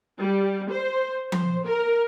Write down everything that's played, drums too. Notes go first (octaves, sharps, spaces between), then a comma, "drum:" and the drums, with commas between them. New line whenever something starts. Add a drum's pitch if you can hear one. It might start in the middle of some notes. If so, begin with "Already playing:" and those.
G3
C5
C5, drum: tom F3
A#4